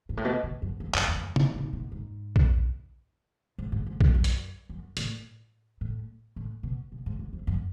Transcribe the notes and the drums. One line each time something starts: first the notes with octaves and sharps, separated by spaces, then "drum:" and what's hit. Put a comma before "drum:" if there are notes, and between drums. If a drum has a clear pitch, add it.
G#2
A2
B2
B2
F#2
F2
F#2, drum: clap
F2
F#2
G#2, drum: tom C3
A2
B2
G#2
drum: kick
G#2
G#2
G#2
F#2, drum: kick
F#2
drum: hi-hat
F#2
A2, drum: hi-hat
A2
A2
B2
B2
G#2
G#2
F2
F#2